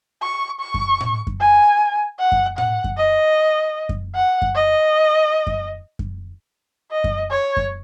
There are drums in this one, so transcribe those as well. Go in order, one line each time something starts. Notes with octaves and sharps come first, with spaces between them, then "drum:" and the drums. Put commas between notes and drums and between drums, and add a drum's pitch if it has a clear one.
C#6
C#6
drum: kick F#2
drum: tom A2
drum: kick F#2
G#5
F#5
drum: kick F#2
F#5, drum: tom A2
drum: kick F#2
D#5
drum: kick F#2
F#5
drum: kick F#2
D#5
drum: kick F#2
drum: kick F#2
D#5
drum: kick F#2
C#5
drum: kick F#2